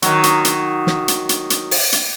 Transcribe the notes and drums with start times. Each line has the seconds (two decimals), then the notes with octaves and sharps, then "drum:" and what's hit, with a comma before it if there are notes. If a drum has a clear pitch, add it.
0.02 D#3 F#3, drum: hi-hat
0.23 drum: hi-hat
0.45 drum: hi-hat
0.87 drum: snare
1.08 drum: hi-hat
1.29 drum: hi-hat
1.50 drum: hi-hat
1.71 drum: open hi-hat
1.92 drum: hi-hat